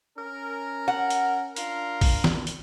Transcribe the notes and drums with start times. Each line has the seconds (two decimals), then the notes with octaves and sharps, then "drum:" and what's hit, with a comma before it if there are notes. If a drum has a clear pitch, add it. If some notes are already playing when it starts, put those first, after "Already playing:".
0.17 C#4 A#4
0.88 F#5
1.10 drum: hi-hat
1.56 D4 F4 A#4, drum: hi-hat
2.01 drum: kick A1, open hi-hat
2.24 drum: snare
2.47 drum: hi-hat